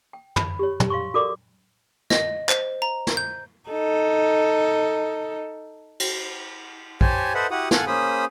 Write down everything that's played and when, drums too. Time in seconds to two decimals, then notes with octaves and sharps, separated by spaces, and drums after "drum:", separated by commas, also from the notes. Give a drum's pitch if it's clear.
0.13 G5
0.36 B5, drum: tom
0.59 G4 C#5
0.80 drum: tom
0.90 F5 C6 C#6
1.14 F#4 A4 A#4 D5 D6
2.10 D#5, drum: snare
2.49 C5, drum: clap
2.82 A#5
3.07 drum: snare
3.17 G6
3.70 D#4 A4
6.00 drum: cymbal
7.01 G4 C5 C#5 G#5 A5, drum: kick
7.34 A4 B4 C5 D#5 E5 F#5
7.51 E4 F#4 G4 F#5 D#6
7.71 A4 F5 F#5 G#5, drum: snare
7.87 A#3 C#4 G#4 C5 B5 D#6